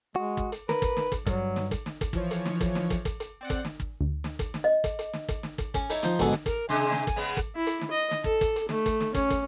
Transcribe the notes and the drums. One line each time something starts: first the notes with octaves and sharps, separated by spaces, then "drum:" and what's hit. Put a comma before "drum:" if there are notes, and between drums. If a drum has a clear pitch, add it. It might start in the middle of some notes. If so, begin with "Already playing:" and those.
G#3 F#4
drum: kick
drum: hi-hat
A#4 B4, drum: snare
drum: kick, hi-hat
drum: snare
drum: kick, hi-hat
G2 F#3, drum: kick, hi-hat
drum: snare
drum: kick, hi-hat
drum: snare
drum: kick, hi-hat
E3 F3 C#5, drum: kick
drum: hi-hat
drum: snare
drum: kick, hi-hat
drum: snare
drum: kick, hi-hat
drum: kick, hi-hat
drum: hi-hat
C4 D5 F#5
drum: kick, hi-hat
drum: snare
drum: kick
D2
drum: snare
drum: kick, hi-hat
drum: snare
D#5
drum: kick, hi-hat
drum: hi-hat
drum: snare
drum: kick, hi-hat
drum: snare
drum: kick, hi-hat
C#4, drum: kick, hi-hat
D#4 E4 C#5 A5, drum: hi-hat
F3 D#4 C5, drum: snare
G#2 B2 D3 G#4 A4 F#5, drum: kick, hi-hat
drum: snare
A#4, drum: kick, hi-hat
C3 G#3 D4 G#5
drum: snare
drum: kick, hi-hat
C#3 G#3 B3
drum: kick, hi-hat
E4
drum: hi-hat
drum: snare
D#5
drum: snare
A4, drum: kick
drum: kick, hi-hat
drum: hi-hat
A3, drum: snare
drum: kick, hi-hat
drum: snare
C#4, drum: kick, hi-hat
drum: kick, hi-hat